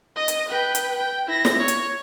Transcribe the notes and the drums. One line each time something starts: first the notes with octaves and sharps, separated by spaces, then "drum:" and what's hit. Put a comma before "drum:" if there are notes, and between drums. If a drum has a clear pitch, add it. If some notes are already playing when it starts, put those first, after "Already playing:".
D#5 D#6
drum: hi-hat
B4 G5
drum: hi-hat
G5
E4 A#6
drum: snare
C#5
drum: hi-hat